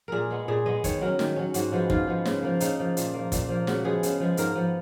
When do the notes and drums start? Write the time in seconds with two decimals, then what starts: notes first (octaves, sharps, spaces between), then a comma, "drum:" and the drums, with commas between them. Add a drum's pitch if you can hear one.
0.08 A#2 G#4 A#4
0.31 G#3 B3
0.48 A#2 G#4
0.66 G#3 B3 D#5
0.84 D#3 C#5, drum: kick, hi-hat
1.01 F#3 C#4 A#4
1.19 D#3, drum: snare
1.36 F#3 C#4
1.54 G#2 F#4, drum: hi-hat
1.72 F3 G#3 B3
1.90 G#2 F4, drum: kick
2.07 F3 G#3 B3
2.25 C#3, drum: snare
2.42 F3 A#3
2.60 C#3 D#4, drum: hi-hat
2.79 F3 A#3
2.97 A#2, drum: hi-hat
3.14 F3 A#3
3.32 A#2, drum: kick, hi-hat
3.49 F3 A#3
3.67 C#3 F#4, drum: snare
3.84 F3 G#3 B3 G#4
4.03 C#3, drum: hi-hat
4.20 F3 G#3 B3
4.37 G#2 A#4, drum: hi-hat
4.56 F3 B3